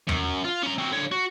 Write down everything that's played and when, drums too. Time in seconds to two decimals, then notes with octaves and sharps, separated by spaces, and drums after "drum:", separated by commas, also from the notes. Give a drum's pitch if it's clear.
0.09 F#2, drum: tom E2
0.45 F4
0.63 C#4 A#5
0.78 C4 F#4
0.92 D3 C#5
1.12 F#4